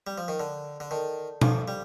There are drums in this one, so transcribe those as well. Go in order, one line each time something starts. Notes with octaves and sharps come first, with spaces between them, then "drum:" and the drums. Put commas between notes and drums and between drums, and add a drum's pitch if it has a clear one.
G3
F3
D#3
D3 A4 D5 A5
D3
D#3 A4 D5 A5
F3 A4 C5 F5 C6, drum: tom B2
G3